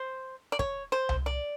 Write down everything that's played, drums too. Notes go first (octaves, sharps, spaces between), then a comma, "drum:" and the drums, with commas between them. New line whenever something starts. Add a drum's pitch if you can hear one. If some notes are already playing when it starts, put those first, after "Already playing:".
Already playing: C5
D5
C#5, drum: kick
C5
drum: tom C2
D5